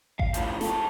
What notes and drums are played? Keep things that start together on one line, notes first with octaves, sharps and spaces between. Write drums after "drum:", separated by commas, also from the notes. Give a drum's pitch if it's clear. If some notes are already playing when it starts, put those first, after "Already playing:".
F5, drum: kick G#1
A2 F3, drum: hi-hat
G#2 A4, drum: snare